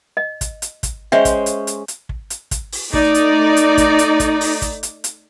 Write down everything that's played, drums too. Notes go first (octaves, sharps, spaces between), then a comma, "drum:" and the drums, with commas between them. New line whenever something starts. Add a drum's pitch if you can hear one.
D#5
drum: kick, hi-hat
drum: hi-hat
drum: kick, hi-hat
G#3 C#4 C5 C#5 E5 G5
drum: kick, hi-hat
drum: hi-hat
drum: hi-hat
drum: hi-hat
drum: kick
drum: hi-hat
drum: kick, hi-hat
drum: open hi-hat
A3 D#4 D5, drum: kick
drum: hi-hat
drum: hi-hat
drum: kick, hi-hat
drum: hi-hat
drum: kick, hi-hat
drum: open hi-hat
drum: kick, hi-hat
drum: hi-hat
drum: hi-hat